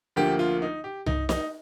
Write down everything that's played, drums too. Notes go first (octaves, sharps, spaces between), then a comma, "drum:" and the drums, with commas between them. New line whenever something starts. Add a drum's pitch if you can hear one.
D2 D3 F3 A#3 G4
F4
D#4
G4
D#4, drum: tom C2
D#4, drum: snare